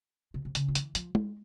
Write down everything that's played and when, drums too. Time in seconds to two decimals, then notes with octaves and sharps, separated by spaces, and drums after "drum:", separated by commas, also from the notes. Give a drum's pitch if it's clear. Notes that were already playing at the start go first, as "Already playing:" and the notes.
0.34 C3
0.45 C3
0.55 C#3, drum: hi-hat
0.68 F3
0.75 E3, drum: hi-hat
0.95 F3, drum: hi-hat
1.15 G#3, drum: tom G#3